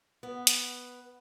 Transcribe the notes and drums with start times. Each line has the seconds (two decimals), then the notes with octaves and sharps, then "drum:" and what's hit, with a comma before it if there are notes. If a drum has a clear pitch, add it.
0.23 B3
0.47 drum: hi-hat